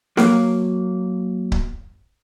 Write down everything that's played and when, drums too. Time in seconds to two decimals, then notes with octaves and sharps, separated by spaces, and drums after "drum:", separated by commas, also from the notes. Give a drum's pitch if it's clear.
0.17 F#3 A#3, drum: snare
1.52 drum: kick C#1